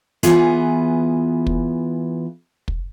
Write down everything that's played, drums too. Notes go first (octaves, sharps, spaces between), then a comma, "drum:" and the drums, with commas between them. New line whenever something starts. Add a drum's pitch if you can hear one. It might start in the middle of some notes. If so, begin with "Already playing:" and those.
E3 B3 F4 G#4 B4, drum: hi-hat
drum: kick
drum: kick